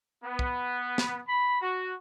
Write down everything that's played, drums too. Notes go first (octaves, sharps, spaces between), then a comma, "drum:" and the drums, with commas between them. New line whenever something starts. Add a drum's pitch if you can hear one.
B3
drum: kick
drum: snare
B5
F#4